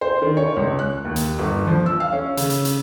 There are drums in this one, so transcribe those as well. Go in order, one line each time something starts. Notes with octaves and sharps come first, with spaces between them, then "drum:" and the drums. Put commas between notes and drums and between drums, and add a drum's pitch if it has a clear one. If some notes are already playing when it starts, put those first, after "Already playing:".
C5
D#3
C#5
C#2
F#6
D#2
drum: hi-hat
G1
F3
E6
F5
C#4
C#3, drum: hi-hat
drum: hi-hat
drum: hi-hat